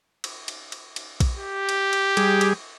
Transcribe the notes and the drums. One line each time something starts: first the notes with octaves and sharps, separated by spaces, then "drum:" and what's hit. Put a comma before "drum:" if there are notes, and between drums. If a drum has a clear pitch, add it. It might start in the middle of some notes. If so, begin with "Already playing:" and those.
drum: cymbal
drum: cymbal
drum: cymbal
drum: cymbal
drum: kick A#1, cymbal
G4
drum: cymbal
drum: cymbal
G3 G#4, drum: cymbal
drum: cymbal